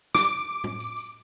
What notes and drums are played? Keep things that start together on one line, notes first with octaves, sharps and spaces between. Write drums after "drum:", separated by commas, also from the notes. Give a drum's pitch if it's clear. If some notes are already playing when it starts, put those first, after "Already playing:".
D6, drum: snare
drum: tambourine
drum: tom A2
drum: tambourine
drum: tambourine